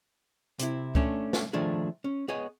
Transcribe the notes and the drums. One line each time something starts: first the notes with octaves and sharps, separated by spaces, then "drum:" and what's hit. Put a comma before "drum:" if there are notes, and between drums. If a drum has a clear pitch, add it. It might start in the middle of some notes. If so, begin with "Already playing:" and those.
C3 E4, drum: hi-hat
A3 C#4 D4, drum: kick C#2
drum: snare
D#3 F3 A3 D4 G#4
C#4
B3 G#4 C#5 D#5